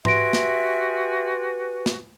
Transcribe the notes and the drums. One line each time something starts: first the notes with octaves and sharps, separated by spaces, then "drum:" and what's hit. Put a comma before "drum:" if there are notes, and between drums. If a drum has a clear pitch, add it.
F#4 G4 B4 E5 G#5 C6 A#6 D7, drum: tom G#2
drum: snare
drum: snare